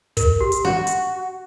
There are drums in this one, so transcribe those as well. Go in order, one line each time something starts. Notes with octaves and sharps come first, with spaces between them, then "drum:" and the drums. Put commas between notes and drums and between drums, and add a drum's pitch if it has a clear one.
A#4, drum: kick, hi-hat
G4
drum: hi-hat
F#4
drum: hi-hat